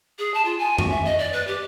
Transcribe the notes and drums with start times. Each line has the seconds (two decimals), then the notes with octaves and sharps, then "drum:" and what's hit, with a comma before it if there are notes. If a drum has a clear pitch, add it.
0.19 G#4
0.34 A5
0.45 F4
0.58 G#5
0.78 F#4, drum: tom F#2
0.90 E5
1.05 D#5
1.19 D5
1.33 B4
1.47 G4